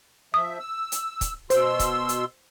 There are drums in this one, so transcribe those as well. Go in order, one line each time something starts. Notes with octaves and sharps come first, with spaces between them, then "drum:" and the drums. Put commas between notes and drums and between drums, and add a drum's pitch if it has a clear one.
F3 E5 D#6
E6
drum: hi-hat
drum: kick, hi-hat
B2 C5 C6 E6, drum: hi-hat
drum: kick, hi-hat
drum: hi-hat